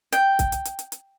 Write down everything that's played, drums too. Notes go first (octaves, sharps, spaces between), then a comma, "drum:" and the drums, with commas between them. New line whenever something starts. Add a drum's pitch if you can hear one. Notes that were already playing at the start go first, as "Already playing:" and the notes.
G5, drum: hi-hat
drum: kick C2, hi-hat
drum: hi-hat
drum: hi-hat
drum: hi-hat
drum: hi-hat